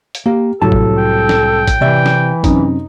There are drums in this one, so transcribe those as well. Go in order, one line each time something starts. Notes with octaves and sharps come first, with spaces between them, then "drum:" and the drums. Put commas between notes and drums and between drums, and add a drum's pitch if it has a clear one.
drum: hi-hat
A#3 G4
C2 A2 F#3 A4 A5
drum: kick A1
G5
drum: snare
drum: kick A1, hi-hat
C3 E3 D5 E5
drum: snare
F#2 C3 D#4, drum: kick A1, hi-hat